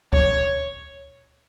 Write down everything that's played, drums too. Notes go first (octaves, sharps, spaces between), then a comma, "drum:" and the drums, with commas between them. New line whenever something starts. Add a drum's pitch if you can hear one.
C#5, drum: kick C#2